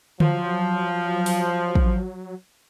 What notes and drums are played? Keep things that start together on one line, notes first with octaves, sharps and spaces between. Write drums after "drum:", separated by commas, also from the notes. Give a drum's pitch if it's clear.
F3 F#3, drum: tom D3
drum: open hi-hat
drum: kick